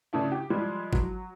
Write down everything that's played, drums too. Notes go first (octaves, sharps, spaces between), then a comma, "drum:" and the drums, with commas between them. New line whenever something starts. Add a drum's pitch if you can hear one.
C#3 A3 D4 E4
G4
F3 G3 G#3
F#3, drum: kick G1